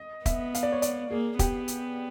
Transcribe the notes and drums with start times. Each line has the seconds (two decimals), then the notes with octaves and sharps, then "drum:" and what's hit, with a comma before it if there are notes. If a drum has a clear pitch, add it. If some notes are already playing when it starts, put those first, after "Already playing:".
Already playing: D#5
0.26 B3 E5, drum: kick, hi-hat
0.55 F5, drum: hi-hat
0.63 D5
0.72 C#5
0.82 D5, drum: hi-hat
1.11 A#3 G#4
1.39 B3 G4, drum: kick, hi-hat
1.68 drum: hi-hat